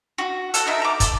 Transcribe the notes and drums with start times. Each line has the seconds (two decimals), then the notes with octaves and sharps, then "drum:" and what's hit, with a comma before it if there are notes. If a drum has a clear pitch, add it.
0.18 F#4
0.54 A4 F#5, drum: hi-hat
0.66 D#4 A4 A#4 E5
0.82 A#5 D6
1.00 A5, drum: kick, hi-hat